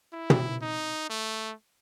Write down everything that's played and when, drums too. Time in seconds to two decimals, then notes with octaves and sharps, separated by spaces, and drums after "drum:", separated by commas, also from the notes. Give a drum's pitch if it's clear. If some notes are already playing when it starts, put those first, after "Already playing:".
0.13 E4
0.30 drum: tom
0.62 D#4
1.10 A3